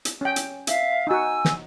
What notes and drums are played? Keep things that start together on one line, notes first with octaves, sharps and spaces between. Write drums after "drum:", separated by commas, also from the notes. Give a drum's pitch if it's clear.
drum: hi-hat
C#4 G5
drum: hi-hat
E5 F5, drum: hi-hat
D#4 F#4 G#5 E6
drum: snare